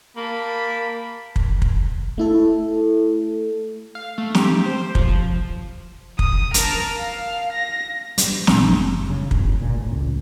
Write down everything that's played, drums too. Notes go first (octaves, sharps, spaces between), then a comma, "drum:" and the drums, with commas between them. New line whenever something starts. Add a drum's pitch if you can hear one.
A#3 G4 A5 B5
drum: kick
drum: kick
A3 E4 A4
F5
A3
G4, drum: snare
C5
F3, drum: kick
D#6, drum: kick
A#4 A5, drum: hi-hat
F5
A#6
G3, drum: hi-hat
A#1, drum: snare
F#1
C#3
G1, drum: kick
A#2
A2
C#2